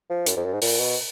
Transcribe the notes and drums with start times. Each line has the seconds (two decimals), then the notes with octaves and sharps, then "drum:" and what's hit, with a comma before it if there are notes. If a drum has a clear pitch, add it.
0.09 F3
0.26 F#2, drum: hi-hat
0.36 F2
0.45 F#2
0.53 G#2
0.62 A#2, drum: open hi-hat
0.80 B2